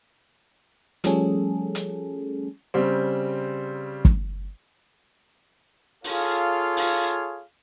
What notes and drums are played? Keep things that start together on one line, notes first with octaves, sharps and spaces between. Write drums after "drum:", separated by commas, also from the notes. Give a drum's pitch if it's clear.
F3 G3 A3 C#4 G#4 A4, drum: hi-hat
drum: hi-hat
C#3 G3 C4
drum: kick
F4 G#4 A4 C#5 F5, drum: open hi-hat
drum: open hi-hat